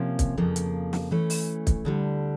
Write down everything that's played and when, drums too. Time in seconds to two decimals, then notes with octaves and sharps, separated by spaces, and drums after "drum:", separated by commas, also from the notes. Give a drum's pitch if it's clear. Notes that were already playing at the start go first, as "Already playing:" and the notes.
Already playing: C3 F3 A#3 C#4
0.19 drum: kick, hi-hat
0.37 F2 C#3 F3 A#3
0.56 drum: hi-hat
0.93 drum: snare
1.11 E3 A3 C#4
1.30 drum: open hi-hat
1.67 drum: kick, hi-hat
1.85 D2 D3 G3